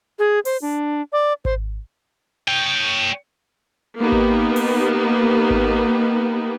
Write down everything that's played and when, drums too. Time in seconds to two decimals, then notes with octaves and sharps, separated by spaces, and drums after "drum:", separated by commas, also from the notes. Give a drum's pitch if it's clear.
0.19 G#4
0.45 C5, drum: open hi-hat
0.62 D4
1.13 D5
1.45 C5, drum: kick G#1
2.48 C#5 G5
3.98 A#3 B3 D#4 G4
4.12 drum: kick G#1
4.56 drum: open hi-hat
5.50 drum: kick G#1